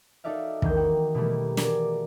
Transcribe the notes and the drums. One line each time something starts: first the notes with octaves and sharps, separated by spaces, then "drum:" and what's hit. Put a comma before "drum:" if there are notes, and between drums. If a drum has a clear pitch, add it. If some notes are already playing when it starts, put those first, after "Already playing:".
D#4 F#4 A4 D5 E5 F5
E1 D#3 E3 A#3 A#4 G6, drum: kick
D#4 F#4 G5
B2 E3 G3 A3 A#3
F#4 G#4 A#4 D5, drum: snare